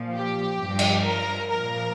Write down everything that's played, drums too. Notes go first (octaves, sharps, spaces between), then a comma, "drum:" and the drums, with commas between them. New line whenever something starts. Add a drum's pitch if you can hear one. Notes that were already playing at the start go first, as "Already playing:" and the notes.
Already playing: A#2 F3
G4
G2 F3
drum: cymbal
A#4
A#2 F3 A#4